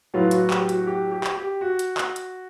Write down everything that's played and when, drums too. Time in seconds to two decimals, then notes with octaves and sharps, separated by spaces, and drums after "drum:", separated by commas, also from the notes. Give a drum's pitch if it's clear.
0.14 A2 F#3 B3 F4
0.31 F#4, drum: hi-hat
0.50 G4, drum: clap
0.69 F#4, drum: hi-hat
0.87 G4
1.11 G4
1.24 drum: clap
1.36 G4
1.61 F#4
1.79 drum: hi-hat
1.98 drum: clap
2.16 drum: hi-hat